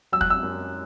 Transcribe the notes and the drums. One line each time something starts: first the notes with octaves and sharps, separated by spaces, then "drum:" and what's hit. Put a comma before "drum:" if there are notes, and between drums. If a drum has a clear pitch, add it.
F#3 E6
F#6, drum: kick
E6
F#2